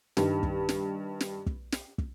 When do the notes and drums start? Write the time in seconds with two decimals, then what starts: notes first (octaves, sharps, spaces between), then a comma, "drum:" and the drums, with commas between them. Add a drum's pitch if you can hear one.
0.17 G2 D#3 G3, drum: snare
0.43 drum: kick
0.69 drum: snare
1.21 drum: snare
1.46 drum: kick
1.72 drum: snare
1.98 drum: kick